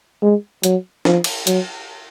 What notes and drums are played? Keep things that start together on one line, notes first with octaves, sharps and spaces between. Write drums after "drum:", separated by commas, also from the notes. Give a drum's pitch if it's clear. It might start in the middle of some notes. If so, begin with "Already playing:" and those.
G#3
F#3, drum: hi-hat
F3, drum: snare
drum: cymbal
F#3, drum: hi-hat